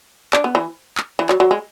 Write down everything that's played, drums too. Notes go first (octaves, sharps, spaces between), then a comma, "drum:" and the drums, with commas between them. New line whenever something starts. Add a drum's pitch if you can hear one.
D4, drum: clap
B3
E3
drum: clap
E3
F#3, drum: clap
F#3
G#3